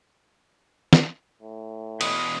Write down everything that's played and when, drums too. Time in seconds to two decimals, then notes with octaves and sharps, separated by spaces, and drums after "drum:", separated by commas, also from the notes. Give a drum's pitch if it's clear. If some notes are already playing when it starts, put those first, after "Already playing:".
0.93 drum: snare
1.42 A2
2.01 E2 B2 B4 D#6, drum: cymbal